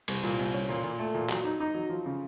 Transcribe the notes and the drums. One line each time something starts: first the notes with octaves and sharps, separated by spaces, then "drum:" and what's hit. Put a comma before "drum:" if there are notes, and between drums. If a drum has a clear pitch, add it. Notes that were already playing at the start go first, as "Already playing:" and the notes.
C2, drum: cymbal
A#2
C2
C#4
A#2
A#2
A3
A#2
F#3, drum: clap
D#4
D#4
F#3
F3
C#3